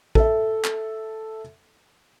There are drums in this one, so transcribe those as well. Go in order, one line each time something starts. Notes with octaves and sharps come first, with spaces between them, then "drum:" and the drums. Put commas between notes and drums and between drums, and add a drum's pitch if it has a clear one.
A4 E5, drum: kick
drum: clap